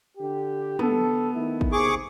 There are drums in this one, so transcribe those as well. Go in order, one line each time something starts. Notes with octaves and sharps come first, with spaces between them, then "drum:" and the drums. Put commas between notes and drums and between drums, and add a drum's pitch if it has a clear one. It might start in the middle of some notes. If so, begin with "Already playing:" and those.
D3 G4
D3 B3 A4, drum: tom
D#3 A3 E4
drum: kick
D#2 C3 G#4 C#6 D6